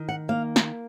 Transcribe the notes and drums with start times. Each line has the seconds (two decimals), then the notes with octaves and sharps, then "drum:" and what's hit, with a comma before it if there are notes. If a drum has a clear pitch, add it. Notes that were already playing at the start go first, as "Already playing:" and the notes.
Already playing: D#3
0.09 F#5
0.29 A#3 F5
0.56 drum: snare